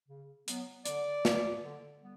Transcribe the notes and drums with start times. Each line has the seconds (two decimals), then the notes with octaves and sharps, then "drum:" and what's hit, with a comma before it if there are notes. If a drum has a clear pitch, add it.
0.08 C#3
0.48 F#3 B3, drum: hi-hat
0.85 D3 D5, drum: hi-hat
1.25 F#3 B3, drum: snare
1.63 D3
2.01 G3 B3